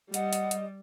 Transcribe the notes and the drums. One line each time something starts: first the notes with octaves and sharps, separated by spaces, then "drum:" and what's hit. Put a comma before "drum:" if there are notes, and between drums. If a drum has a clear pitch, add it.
G3 D#5 F#5, drum: hi-hat
drum: hi-hat
drum: hi-hat